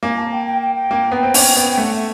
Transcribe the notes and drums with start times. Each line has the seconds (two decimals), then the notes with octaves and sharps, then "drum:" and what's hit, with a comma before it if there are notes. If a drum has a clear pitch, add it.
0.03 A#3 G#5
0.18 A5
0.32 G5
0.47 G5
0.61 G5
0.75 G5
0.91 A#3
1.12 B3
1.23 C4
1.34 C#4, drum: open hi-hat
1.56 B3
1.70 G5
1.77 A3 F#5
1.92 E5